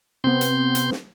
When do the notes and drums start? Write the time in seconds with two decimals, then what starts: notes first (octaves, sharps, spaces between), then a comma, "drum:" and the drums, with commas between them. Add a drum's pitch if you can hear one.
0.24 C3 B3 C4 C6 G6
0.41 drum: hi-hat
0.75 drum: hi-hat
0.92 drum: snare